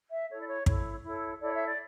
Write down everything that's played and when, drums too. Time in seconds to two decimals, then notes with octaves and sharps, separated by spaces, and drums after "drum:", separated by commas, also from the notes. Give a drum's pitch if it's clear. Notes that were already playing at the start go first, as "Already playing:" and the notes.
0.10 E5
0.29 E4 A4 C#5
0.40 D5
0.47 C#5
0.66 E4 A4 C#5, drum: kick
1.04 E4 A4 C#5
1.41 E4 A4 C#5 D5
1.54 E5
1.66 D5